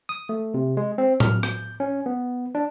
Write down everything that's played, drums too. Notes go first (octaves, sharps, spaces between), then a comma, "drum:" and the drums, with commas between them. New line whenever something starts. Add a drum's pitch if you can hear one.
D#6
A3
C3
G#3
C4
F6, drum: tom A2
G6, drum: rim click
C#4
B3
D4